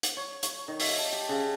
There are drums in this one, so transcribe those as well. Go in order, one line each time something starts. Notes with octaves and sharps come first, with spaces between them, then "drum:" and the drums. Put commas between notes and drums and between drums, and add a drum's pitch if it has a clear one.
drum: hi-hat
C#5
C#5, drum: hi-hat
D#3
E5, drum: open hi-hat
A5
G4
C#3